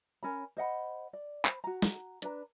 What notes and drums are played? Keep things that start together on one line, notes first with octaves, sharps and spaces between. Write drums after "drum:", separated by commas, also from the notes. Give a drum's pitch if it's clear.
C#4 A#4 B5
C5 D#5 F#5 B5
D5
C5 B5, drum: clap
F#4 A#5
drum: snare
D4 B4 A#5, drum: hi-hat